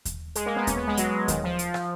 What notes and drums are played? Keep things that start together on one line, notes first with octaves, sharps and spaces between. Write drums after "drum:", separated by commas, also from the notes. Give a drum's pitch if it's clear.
drum: kick D#2, hi-hat
G#3, drum: hi-hat
A#3
B3
C#4, drum: kick D#2, hi-hat
B3
G#3
F#3, drum: hi-hat
D#3, drum: kick D#2, hi-hat
F3
drum: hi-hat
drum: rim click